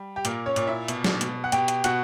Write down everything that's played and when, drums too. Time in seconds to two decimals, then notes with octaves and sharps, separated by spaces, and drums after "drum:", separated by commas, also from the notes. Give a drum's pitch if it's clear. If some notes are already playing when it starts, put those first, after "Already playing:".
Already playing: G3
0.16 G4
0.25 A#2 A#3 A#4, drum: hi-hat
0.46 C#4 C#5
0.56 A#2, drum: hi-hat
0.67 E4 E5
0.88 B2, drum: hi-hat
1.04 drum: snare
1.21 B2, drum: hi-hat
1.44 F#5
1.52 B2 G4 G5, drum: hi-hat
1.68 drum: hi-hat
1.84 B2 F#4 F#5, drum: hi-hat